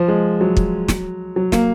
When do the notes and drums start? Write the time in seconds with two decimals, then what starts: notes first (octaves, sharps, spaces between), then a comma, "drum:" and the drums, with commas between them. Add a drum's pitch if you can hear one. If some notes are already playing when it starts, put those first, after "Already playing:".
Already playing: F3
0.08 G#3
0.41 F#3
0.57 drum: kick
0.88 drum: snare
1.36 F#3
1.52 A#3, drum: snare